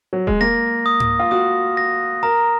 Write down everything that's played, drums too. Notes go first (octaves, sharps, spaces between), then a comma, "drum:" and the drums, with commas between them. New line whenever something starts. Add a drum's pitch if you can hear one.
F#3
G#3, drum: kick D#1
A#3 A#6
D#6
drum: tom G#2
F4
F#4 D#6
A#6
A#4 A#5